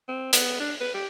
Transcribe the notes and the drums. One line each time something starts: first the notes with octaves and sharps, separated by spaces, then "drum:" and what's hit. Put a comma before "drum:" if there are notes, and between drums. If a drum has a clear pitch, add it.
C4
B3, drum: hi-hat
D4
B4
G4